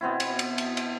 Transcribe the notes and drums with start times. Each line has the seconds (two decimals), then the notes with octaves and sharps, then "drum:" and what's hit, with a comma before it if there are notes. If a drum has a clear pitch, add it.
0.01 B2 B3 C4 E4
0.20 drum: cymbal
0.39 drum: cymbal
0.58 drum: cymbal
0.77 drum: cymbal